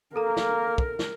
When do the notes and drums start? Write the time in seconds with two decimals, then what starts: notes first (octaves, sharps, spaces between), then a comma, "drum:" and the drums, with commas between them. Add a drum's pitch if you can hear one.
0.16 A#3 A4 A#4 A#5
0.37 drum: snare
0.78 drum: kick
0.99 drum: snare